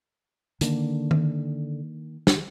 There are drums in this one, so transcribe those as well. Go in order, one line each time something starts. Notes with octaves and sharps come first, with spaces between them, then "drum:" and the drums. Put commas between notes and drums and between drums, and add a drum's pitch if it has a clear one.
D3 D#3 A#3, drum: hi-hat
drum: tom
drum: snare